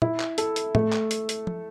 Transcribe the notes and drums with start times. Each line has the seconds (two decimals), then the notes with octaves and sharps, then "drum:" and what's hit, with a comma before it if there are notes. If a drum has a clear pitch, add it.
0.02 E4, drum: tom
0.20 drum: clap
0.38 A4, drum: hi-hat
0.56 drum: hi-hat
0.75 A3, drum: tom
0.93 drum: clap
1.11 drum: hi-hat
1.29 drum: hi-hat
1.47 drum: tom F3